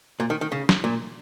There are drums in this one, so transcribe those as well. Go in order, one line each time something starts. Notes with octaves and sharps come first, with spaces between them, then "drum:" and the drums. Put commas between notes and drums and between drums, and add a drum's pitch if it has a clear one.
A#2
D#3
D#3
C#3
drum: snare
A#2